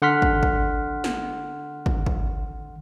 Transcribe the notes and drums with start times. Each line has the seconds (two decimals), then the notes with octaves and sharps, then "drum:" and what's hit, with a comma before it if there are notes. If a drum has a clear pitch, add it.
0.02 D3 F#5 C6 F6 B6
0.22 drum: kick
0.43 drum: kick
1.04 drum: snare
1.86 drum: kick
2.06 drum: kick